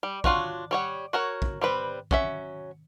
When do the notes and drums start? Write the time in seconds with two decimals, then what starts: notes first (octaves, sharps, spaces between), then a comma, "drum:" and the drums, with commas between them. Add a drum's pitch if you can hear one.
0.03 G3
0.24 D4 F4 F#4 C#5, drum: kick A#1
0.71 G3 C#5 F#5
1.13 F#4 A#4 C#5
1.42 drum: kick A#1
1.61 G3 C4 B4
2.11 F#3 C#4 E5, drum: kick A#1